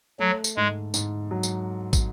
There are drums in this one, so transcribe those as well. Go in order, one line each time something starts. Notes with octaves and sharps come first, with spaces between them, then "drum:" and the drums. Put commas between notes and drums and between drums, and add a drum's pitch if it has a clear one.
F#3 A3
drum: tambourine
G#2 G#3
G#2, drum: tambourine
F#3
drum: tambourine
drum: kick, tambourine